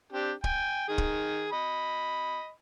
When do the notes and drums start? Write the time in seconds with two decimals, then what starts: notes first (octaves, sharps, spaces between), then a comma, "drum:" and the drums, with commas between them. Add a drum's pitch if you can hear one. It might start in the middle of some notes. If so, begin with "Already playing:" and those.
0.12 C4 D4 G4
0.44 G5 G#5, drum: kick
0.89 D#3 G#4
0.98 drum: kick
1.52 D#5 B5